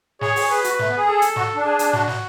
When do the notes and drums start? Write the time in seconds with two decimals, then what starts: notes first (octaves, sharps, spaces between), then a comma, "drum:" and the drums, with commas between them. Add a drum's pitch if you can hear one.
0.21 G#4 C#5, drum: snare
0.36 G#4, drum: open hi-hat
0.50 G#4 B4
0.64 F#4, drum: hi-hat
0.79 A3, drum: snare
0.88 B3
0.97 G#4
1.07 A4
1.22 drum: hi-hat
1.36 F#4, drum: snare
1.55 D4
1.65 G#4
1.79 drum: hi-hat
1.93 F#4, drum: snare
2.08 drum: snare